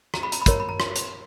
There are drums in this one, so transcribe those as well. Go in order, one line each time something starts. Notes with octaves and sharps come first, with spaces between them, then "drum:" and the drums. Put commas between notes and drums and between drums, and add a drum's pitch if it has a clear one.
A#5, drum: rim click
B5
A#5, drum: hi-hat
B5
F#4 A#4 C#5 A#5, drum: kick, hi-hat
B5
A#5
C6, drum: rim click
drum: hi-hat